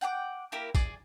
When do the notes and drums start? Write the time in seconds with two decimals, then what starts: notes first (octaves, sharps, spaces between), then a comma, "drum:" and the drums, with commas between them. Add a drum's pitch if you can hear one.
0.01 F#5 G5 B5 D6
0.52 A#3 E4 G4 A#4
0.75 G#4 D5, drum: kick, tambourine